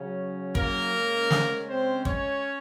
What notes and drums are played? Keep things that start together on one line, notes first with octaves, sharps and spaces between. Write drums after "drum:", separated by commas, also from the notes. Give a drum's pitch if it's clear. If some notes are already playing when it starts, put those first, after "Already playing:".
Already playing: C#3 F#3 C#4
A#3 A#4, drum: kick
C#3 G#3 C#4
drum: snare
C4 C5
C#4 C#5, drum: kick